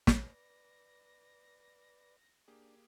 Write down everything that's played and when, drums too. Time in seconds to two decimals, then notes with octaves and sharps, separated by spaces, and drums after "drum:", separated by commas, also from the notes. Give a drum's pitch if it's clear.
0.07 drum: snare
0.23 B4 D5 A#6
2.48 A#3 D4 G4 G#4